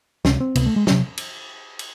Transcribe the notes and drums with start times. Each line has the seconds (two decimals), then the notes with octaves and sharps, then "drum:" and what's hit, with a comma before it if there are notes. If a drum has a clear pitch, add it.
0.25 C#2 C3 C#4, drum: snare
0.40 C4
0.55 C#2 C3 B3, drum: cymbal
0.66 A3
0.76 G#3
0.87 C3 F#3, drum: snare
1.17 drum: cymbal
1.79 drum: cymbal